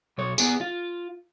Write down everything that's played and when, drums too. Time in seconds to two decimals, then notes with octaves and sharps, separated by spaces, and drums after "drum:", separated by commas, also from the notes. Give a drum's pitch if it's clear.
0.18 B1 C#5
0.38 B3 G#4, drum: tambourine
0.61 F4